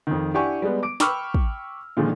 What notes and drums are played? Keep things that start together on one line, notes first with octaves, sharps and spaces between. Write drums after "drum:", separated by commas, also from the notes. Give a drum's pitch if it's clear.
F2 D#3
D4 E4 G4 F#5 G#5 C#6
G3 G#3 B3
D6 D7
G5 B5 C#6 D6 E6 F6, drum: snare
drum: kick
A#2 D3 D#3 F3 G#3